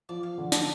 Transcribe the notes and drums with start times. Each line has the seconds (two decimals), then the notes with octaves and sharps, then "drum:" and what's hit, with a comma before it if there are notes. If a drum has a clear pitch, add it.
0.09 F3 D5
0.23 F5
0.38 D3
0.52 A5, drum: snare